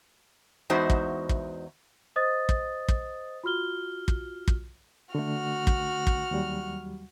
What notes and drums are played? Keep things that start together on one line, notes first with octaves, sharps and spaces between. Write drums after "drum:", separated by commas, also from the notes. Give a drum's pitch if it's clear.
E2 G#3 D#4 F#4 C5 E5
drum: kick
drum: kick
C5 D#5 D#6 A6
drum: kick
drum: kick
F4 F#4 F6 G7
drum: kick
drum: kick
D3 A3 F#4 F6
drum: kick
drum: kick
D#2 F#3 G3